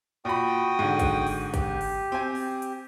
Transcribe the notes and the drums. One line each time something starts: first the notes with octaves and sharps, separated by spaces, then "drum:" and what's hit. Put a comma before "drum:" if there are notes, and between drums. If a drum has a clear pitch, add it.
A#2 F#4 G5 B5 D#6
G#2 D3
drum: kick, hi-hat
drum: open hi-hat
G4, drum: kick, hi-hat
drum: open hi-hat
C4 G#5
drum: open hi-hat
drum: hi-hat